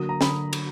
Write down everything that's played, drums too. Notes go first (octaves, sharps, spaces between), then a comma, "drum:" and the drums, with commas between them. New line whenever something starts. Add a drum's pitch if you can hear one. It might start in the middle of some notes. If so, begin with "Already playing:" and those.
Already playing: D3 F#3 A#3 D#6
A#5
D3 B5, drum: snare
drum: cymbal